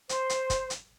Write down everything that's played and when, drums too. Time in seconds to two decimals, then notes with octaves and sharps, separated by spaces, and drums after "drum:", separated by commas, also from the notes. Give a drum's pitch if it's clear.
0.09 C5, drum: hi-hat
0.30 drum: hi-hat
0.50 drum: kick, hi-hat
0.70 drum: hi-hat